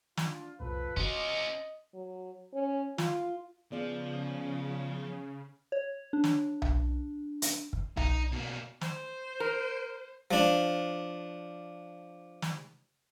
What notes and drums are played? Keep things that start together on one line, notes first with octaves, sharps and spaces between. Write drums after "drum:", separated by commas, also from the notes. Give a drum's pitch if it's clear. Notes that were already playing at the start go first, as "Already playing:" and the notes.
D4 F4, drum: snare
C2 F2 A#2 F4 A4 B4
C#4 F4 F#4 D#5 C6, drum: kick
F#3
C#4
F4, drum: snare
C#3 F3 B3 F4 G#4 D5
C#5
D4
drum: snare
drum: tom B1
drum: hi-hat
drum: kick
D#4 A#5, drum: tom B1
B2 A#3
C5, drum: snare
A#4
F3 D4
drum: snare